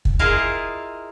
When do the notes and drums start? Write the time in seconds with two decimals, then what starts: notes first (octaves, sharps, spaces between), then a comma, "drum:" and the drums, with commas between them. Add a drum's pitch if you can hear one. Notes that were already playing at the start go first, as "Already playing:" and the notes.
0.05 drum: kick
0.19 E4 F4 G#4 A#4 D#5 F5